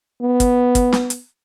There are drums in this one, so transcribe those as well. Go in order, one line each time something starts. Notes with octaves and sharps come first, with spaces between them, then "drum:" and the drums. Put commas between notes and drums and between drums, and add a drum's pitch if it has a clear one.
B3
drum: kick, hi-hat
drum: kick, hi-hat
drum: snare
drum: hi-hat